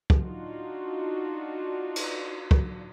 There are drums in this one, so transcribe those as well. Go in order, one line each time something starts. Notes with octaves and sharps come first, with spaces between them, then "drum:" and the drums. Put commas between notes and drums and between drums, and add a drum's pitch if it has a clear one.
drum: kick
D4 D#4 F4 F#4
drum: cymbal
drum: kick